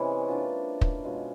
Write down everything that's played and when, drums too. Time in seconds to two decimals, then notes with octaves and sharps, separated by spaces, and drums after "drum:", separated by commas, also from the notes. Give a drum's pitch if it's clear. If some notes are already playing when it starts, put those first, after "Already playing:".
Already playing: C3 E3 G#3 C#4
0.28 A#3 D4 F4
0.81 drum: kick
1.04 B2 G#3 C#4 F4